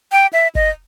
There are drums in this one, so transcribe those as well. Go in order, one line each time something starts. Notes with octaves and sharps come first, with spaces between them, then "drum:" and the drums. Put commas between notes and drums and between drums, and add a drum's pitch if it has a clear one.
G5
E5
D#5, drum: kick G1